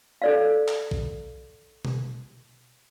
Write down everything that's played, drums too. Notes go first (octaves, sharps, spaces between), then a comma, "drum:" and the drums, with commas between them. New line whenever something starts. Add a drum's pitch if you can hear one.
A4 D5 F5
drum: clap
drum: kick A#1
drum: tom B2